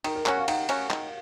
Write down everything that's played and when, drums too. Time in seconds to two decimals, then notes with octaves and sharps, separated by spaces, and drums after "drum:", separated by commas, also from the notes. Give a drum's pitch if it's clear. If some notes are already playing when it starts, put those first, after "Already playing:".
0.04 D#3 A#4, drum: cymbal
0.15 A#4
0.26 F#3 C#4 F#4 F#5, drum: clap
0.37 F5
0.48 D#3 F#5, drum: cymbal
0.69 F#3 C#4 F#4, drum: cymbal
0.90 D#3, drum: clap